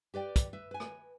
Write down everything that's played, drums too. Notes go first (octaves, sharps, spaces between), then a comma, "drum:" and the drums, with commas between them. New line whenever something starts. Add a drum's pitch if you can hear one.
G4 B4 D5 G5
drum: kick, hi-hat
B4 E5
B4 G#5
drum: rim click